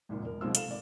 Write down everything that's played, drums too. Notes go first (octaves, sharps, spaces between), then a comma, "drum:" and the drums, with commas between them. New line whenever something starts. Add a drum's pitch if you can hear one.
G#1 C#2 A#2
E1 A#4
B1 B2 G#3 C4 F4 E6
C3 A4 F5 E7, drum: hi-hat
G#1 D5